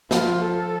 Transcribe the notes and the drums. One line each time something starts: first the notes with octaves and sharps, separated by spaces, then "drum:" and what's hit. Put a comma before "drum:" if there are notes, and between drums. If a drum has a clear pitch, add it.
F3 F4, drum: snare
A4